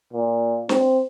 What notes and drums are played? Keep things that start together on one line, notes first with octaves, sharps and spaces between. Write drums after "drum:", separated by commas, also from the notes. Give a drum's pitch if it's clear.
A#2
C4, drum: snare